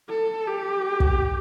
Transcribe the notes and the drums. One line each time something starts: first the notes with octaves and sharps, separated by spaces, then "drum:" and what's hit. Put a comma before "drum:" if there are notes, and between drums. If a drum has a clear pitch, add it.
A4
G4
drum: kick